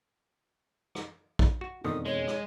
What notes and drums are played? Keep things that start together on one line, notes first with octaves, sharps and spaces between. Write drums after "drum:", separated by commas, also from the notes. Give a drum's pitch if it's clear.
drum: rim click
drum: kick
F#4
E1 F2 B2 D3 D#3 D#6
G#3 C#5
drum: rim click